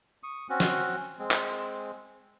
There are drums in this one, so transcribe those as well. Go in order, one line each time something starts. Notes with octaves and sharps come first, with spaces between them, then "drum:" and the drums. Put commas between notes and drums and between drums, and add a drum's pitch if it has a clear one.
C#6 D#6
C4 C#4 F#4
drum: snare
G#3 C4
drum: clap